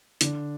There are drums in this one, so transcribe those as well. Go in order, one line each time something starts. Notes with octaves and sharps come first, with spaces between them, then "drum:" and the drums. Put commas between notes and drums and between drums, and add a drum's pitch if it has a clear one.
D3 D4, drum: hi-hat